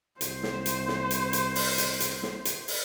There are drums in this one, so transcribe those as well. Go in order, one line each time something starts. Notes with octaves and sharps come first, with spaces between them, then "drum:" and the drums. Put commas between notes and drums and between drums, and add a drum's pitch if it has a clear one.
C2 C5, drum: hi-hat
drum: snare
drum: hi-hat
drum: snare
drum: hi-hat
drum: hi-hat
drum: open hi-hat
drum: hi-hat
drum: hi-hat
drum: snare
drum: hi-hat
drum: open hi-hat